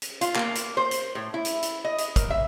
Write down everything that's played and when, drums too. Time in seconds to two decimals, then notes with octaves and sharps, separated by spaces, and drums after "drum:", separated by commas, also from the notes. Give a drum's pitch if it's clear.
0.02 drum: hi-hat
0.21 F4, drum: hi-hat
0.36 A#3, drum: clap
0.55 drum: hi-hat
0.77 C5
0.91 drum: hi-hat
1.15 A2
1.34 E4
1.45 drum: hi-hat
1.62 drum: hi-hat
1.85 D#5
1.98 drum: hi-hat
2.16 A#4, drum: kick, hi-hat
2.30 E5